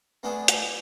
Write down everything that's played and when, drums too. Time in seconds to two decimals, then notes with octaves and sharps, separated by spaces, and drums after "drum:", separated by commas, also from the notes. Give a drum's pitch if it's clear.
0.23 A3 B3 D4 G#4 A4
0.48 drum: hi-hat